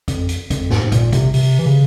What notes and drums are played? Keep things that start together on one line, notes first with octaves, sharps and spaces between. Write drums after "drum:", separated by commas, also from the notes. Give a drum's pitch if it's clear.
F2, drum: kick, hi-hat
drum: hi-hat
F2, drum: kick, hi-hat
G#2, drum: snare
G#2
A#2, drum: kick, hi-hat
C3, drum: kick, hi-hat
C3, drum: open hi-hat
E3
C#3